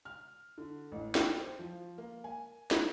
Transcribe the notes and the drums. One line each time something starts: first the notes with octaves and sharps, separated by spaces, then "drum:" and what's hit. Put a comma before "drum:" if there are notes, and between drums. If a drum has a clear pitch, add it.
F6
D3
A1
G5, drum: snare
C5
F3
A#3
G#5
drum: snare